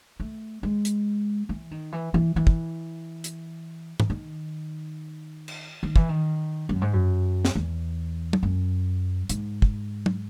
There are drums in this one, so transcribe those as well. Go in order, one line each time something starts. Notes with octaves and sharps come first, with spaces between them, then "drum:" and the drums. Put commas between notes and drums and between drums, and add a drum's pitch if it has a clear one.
A3
G#3
drum: hi-hat
E3
D#3
E3
E3
E3
drum: kick
drum: hi-hat
drum: tom
D#3
drum: cymbal
D#3
E3, drum: kick
D#3
F#2
G#2
F#2
drum: snare
E2
drum: tom
F#2
G#2, drum: hi-hat
drum: kick
drum: tom